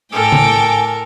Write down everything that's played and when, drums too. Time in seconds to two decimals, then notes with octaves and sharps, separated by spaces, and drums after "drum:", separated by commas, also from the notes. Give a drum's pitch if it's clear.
0.12 A2 A4 A#4 G5 G#5 D6
0.32 drum: tom C#3